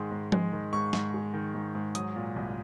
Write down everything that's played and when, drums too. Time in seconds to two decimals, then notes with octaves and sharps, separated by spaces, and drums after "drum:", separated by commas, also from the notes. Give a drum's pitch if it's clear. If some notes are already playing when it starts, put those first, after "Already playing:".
Already playing: G#2 D#3 G#3 C6
0.11 G#2
0.32 G#3, drum: tom F3
0.53 D#3
0.73 G#2 C#6
0.93 G#2, drum: snare
1.14 G#3
1.34 D#3
1.55 G#2
1.75 G#2
1.95 F#3 D#6, drum: hi-hat
2.16 A#2
2.36 C2